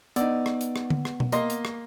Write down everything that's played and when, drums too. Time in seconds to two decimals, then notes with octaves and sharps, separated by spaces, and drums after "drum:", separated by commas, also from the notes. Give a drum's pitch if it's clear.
0.16 B3 D#4 D5, drum: hi-hat
0.46 drum: rim click
0.61 drum: hi-hat
0.76 drum: rim click
0.90 drum: tom D3
1.05 drum: rim click
1.20 drum: tom B2
1.32 A#3 D#5 C6, drum: hi-hat
1.50 drum: hi-hat
1.65 drum: rim click